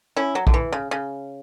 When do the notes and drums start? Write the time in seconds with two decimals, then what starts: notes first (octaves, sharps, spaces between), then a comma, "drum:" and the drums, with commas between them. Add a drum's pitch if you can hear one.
0.17 C#4 E4
0.35 F#3
0.47 D3, drum: kick A#1
0.54 E3
0.72 C#3
0.91 C#3